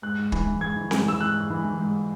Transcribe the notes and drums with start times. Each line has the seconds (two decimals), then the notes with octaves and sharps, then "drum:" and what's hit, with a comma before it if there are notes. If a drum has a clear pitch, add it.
0.02 G#2 F#6
0.18 G#2
0.32 E3, drum: kick
0.47 E3
0.61 G#2 G#6
0.76 E3
0.91 G#2, drum: snare C4
1.06 E3 E6
1.21 G#2 F#6
1.35 G#2
1.50 E3
1.65 E3
1.79 G#2